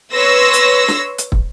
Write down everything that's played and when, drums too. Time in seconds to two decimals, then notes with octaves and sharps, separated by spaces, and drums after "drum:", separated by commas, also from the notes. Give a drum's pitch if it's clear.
0.13 B4 C#5 C6 E6 A#6
0.53 drum: hi-hat
0.88 drum: snare
1.18 drum: hi-hat
1.32 drum: kick